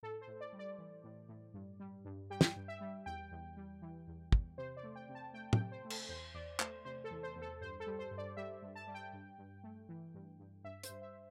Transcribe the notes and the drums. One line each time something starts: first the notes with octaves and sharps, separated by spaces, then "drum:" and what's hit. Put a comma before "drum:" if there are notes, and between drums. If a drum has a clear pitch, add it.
A2 A4
C5
A2
D5
G3
D5
E3
A2
A2
G2
G3
G2
G3 G5
drum: snare
G2
E5
G3
E2 G5
E2
G3
E3
E2
E2, drum: kick
C3 C5
D5
A3
G5
C3
A5
A3 G5
G5, drum: tom
C3
C5
A3
A4, drum: cymbal
E2 C5
E2 D5
A3 C5, drum: clap
C3 C5
A4
E2
C5
E2
A4
G2 C5
A4
G3
C5
G2
D5
G3 E5
G2
A5
G3
G5
G2
G2
A3
E3
G2
G2
G2 E5
C5, drum: hi-hat
G2
E5